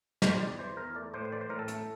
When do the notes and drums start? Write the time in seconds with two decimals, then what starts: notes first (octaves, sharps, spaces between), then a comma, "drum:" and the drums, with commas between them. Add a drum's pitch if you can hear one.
0.22 G3 C5, drum: snare
0.40 E2 D5
0.58 E3 C5
0.77 E2 A#4
0.95 A3 D5
1.14 A2 C5
1.25 C5
1.32 E3 D5
1.41 C5
1.49 A2 A#4
1.59 A4
1.68 A3, drum: hi-hat